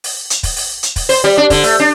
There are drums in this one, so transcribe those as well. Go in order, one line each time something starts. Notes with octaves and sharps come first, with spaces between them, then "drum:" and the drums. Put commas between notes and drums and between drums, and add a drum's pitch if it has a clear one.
drum: open hi-hat
drum: hi-hat
drum: kick, open hi-hat
drum: open hi-hat
drum: hi-hat
drum: kick, open hi-hat
C5, drum: open hi-hat
G3
D4
D3, drum: kick, open hi-hat
A3, drum: open hi-hat
D4